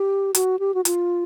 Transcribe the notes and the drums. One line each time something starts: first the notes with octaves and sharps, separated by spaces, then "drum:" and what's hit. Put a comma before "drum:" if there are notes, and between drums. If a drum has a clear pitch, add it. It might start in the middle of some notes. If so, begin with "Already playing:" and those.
Already playing: G4
F#4, drum: hi-hat
G4
F#4
F4, drum: hi-hat